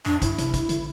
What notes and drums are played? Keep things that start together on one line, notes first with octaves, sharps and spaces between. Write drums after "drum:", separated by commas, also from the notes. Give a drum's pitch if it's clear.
F2 D4, drum: clap
G2 E4, drum: kick, hi-hat
C3, drum: hi-hat
drum: kick, hi-hat
D3, drum: hi-hat